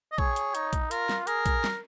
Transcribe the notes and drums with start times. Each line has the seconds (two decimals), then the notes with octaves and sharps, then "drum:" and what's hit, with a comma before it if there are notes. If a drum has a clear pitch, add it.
0.12 D#5
0.18 G#4 C#5, drum: kick A#1
0.36 drum: hi-hat
0.55 D#4, drum: hi-hat
0.73 drum: kick A#1, hi-hat
0.91 F4 A#4, drum: hi-hat
1.09 drum: snare
1.27 G#4 A#4, drum: hi-hat
1.46 drum: kick A#1, hi-hat
1.64 drum: snare